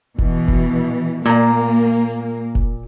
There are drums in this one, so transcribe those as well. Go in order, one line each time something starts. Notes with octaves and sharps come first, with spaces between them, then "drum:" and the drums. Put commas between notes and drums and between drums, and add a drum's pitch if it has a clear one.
B2 E3, drum: kick F1
drum: kick F1
A#2 A#3 A#5
drum: kick F1